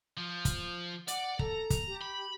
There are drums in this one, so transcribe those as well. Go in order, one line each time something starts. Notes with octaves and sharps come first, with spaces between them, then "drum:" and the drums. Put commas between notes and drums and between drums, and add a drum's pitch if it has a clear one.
F3
drum: kick, hi-hat
D5 F#5, drum: hi-hat
A4 A#5, drum: kick
drum: kick, hi-hat
G4
B5